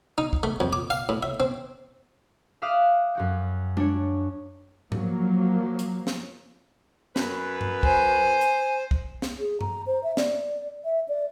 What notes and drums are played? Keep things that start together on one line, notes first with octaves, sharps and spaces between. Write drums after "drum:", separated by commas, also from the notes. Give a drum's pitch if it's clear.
D#4
drum: kick
A3
F2
D6
F5, drum: tambourine
A2
E5
C4
E5 F5 D6 D#6 F6 F#6
F#2 F#4 G5
D4 C#5, drum: tom G#3
F3 F#3 A#3, drum: tom G#2
drum: hi-hat
drum: snare
F#2 B4, drum: snare
drum: tom G2
C5 G#5, drum: kick
drum: hi-hat
drum: kick
drum: snare
G#4
A#5, drum: tom G2
C5
E5
D5, drum: snare
E5
D5